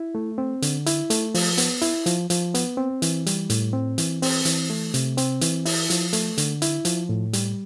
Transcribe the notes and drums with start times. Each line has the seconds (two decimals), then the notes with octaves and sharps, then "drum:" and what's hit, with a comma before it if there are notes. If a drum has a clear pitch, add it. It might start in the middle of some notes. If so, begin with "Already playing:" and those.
Already playing: E4
0.15 A3
0.38 C4
0.62 D3, drum: hi-hat
0.86 E4, drum: hi-hat
1.10 A3, drum: hi-hat
1.34 F3, drum: open hi-hat
1.58 B3, drum: hi-hat
1.82 E4, drum: hi-hat
2.06 F3, drum: hi-hat
2.30 F3, drum: hi-hat
2.55 B3, drum: hi-hat
2.77 C4
3.02 E3, drum: hi-hat
3.26 G3, drum: hi-hat
3.50 A2, drum: hi-hat
3.73 C4
3.98 E3, drum: hi-hat
4.22 C4, drum: open hi-hat
4.45 E3, drum: hi-hat
4.70 A3
4.94 C3, drum: hi-hat
5.18 C4, drum: hi-hat
5.41 E3, drum: hi-hat
5.65 E4, drum: open hi-hat
5.90 F3, drum: hi-hat
6.13 A3, drum: hi-hat
6.38 D3, drum: hi-hat
6.62 E4, drum: hi-hat
6.85 F3, drum: hi-hat
7.09 A2
7.33 G3, drum: hi-hat